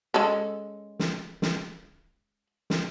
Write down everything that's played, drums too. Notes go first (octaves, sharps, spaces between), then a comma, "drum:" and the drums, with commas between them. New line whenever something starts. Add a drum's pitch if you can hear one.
G#3 C#4 A4
drum: snare
drum: snare
drum: snare